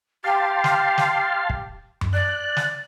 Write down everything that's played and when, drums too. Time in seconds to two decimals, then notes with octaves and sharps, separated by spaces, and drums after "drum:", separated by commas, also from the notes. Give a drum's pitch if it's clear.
0.24 G4 F5 A5 C6
0.64 drum: snare
0.98 drum: snare
1.50 drum: kick
2.01 drum: tom F#2
2.13 D5 F#6
2.57 drum: snare